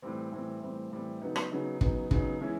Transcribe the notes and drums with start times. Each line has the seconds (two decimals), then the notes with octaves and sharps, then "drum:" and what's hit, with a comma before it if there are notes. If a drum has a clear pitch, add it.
0.02 A2 E3 G3 C4
0.32 A2 E3 G3 C4
0.62 A2 E3 G3 C4
0.92 A2 E3 G3 C4
1.22 C#3 F#3 B3 D#4
1.36 drum: rim click
1.52 C#3 F#3 B3 D#4
1.81 C#3 F#3 B3 D#4, drum: kick
2.11 C#3 F#3 B3 D#4, drum: kick
2.41 E3 G#3 C#4 E4